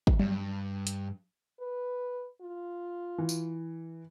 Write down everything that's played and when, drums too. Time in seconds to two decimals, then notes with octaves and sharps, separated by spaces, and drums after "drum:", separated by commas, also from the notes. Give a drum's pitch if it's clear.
0.07 drum: kick
0.19 G2, drum: tom F#3
0.87 drum: hi-hat
1.60 B4
2.41 F4
3.18 E3
3.29 drum: tambourine